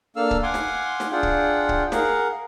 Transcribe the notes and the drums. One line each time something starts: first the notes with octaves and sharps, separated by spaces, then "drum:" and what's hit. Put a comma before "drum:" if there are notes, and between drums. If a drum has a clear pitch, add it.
A#3 D4 A4 F5 E6 F6
drum: kick C#1
F5 F#5 G#5 C6 D6
drum: snare
drum: snare
D4 F4 G#4 F#5 G5
drum: kick C#1
drum: kick C#1
G#4 A#4 F5 F#5, drum: snare